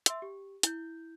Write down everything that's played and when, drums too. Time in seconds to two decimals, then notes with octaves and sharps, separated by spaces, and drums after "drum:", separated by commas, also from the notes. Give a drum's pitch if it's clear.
0.06 E5 C6 E6, drum: hi-hat
0.22 G4
0.63 E4 G6, drum: hi-hat